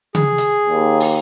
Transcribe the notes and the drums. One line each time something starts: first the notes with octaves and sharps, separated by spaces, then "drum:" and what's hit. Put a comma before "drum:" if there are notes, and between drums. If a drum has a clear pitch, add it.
G#4, drum: tom C#3
drum: hi-hat
D#2
drum: open hi-hat